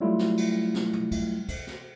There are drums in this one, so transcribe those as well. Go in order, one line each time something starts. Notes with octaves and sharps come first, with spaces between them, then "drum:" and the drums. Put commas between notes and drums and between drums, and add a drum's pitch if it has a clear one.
F#3 G3 A3 E4 F4
drum: snare
drum: cymbal
drum: snare
drum: tom
drum: kick, cymbal
drum: kick, cymbal
drum: snare